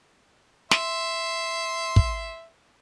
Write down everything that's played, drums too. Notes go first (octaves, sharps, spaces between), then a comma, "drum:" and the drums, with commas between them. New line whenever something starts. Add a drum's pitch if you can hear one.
E5 C6, drum: snare
drum: kick